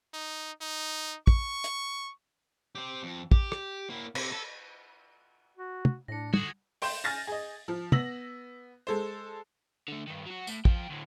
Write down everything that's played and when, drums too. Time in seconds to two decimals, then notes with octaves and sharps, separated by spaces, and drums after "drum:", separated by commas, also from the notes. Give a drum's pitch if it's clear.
0.14 D#4
0.61 D#4
1.27 C#6, drum: kick
1.64 drum: hi-hat
2.75 C4 G4
3.03 F2
3.32 G4, drum: kick
3.52 drum: rim click
3.90 A#3 E4
4.15 C3, drum: cymbal
4.32 A4
5.57 F#4
5.85 drum: tom
6.08 A2 D4 A#6 C#7
6.34 D3 F#4 G#4 D#6 G#6 F#7, drum: tom
6.82 G5 C6 G6 E7, drum: open hi-hat
7.04 G#5 F6 A6 A#6
7.27 G#4 D#5
7.68 F3
7.92 B3 E6 A#6 F#7, drum: tom
8.87 G#3 A4 C5
9.88 D3 A3
10.07 G2 D#3
10.26 F#3 F#4
10.47 A2, drum: tambourine
10.65 F3 G5, drum: kick
10.89 D2 A2